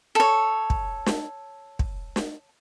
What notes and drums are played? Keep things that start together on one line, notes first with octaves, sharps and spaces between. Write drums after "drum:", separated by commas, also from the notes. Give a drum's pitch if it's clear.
A4 C#5
drum: kick
drum: snare
drum: kick
drum: snare